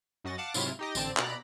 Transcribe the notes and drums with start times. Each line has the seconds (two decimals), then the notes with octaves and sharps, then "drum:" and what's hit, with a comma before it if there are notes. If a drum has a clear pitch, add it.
0.24 F#2 F#4 D#5 A6
0.38 F5 F#5 A5 D6
0.54 G#2 C3 F#3 E4 F4 F6, drum: tambourine
0.79 D#4 G4 D#5
0.95 A1 D3 C4 D5 A5, drum: tambourine
1.17 B2 D5 A#5 B5 F#6, drum: clap